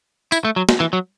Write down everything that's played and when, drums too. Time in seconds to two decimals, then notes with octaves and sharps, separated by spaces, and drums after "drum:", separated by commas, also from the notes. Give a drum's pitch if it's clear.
0.32 E4, drum: tambourine
0.45 A3
0.56 F#3
0.69 drum: snare
0.80 E3
0.93 F#3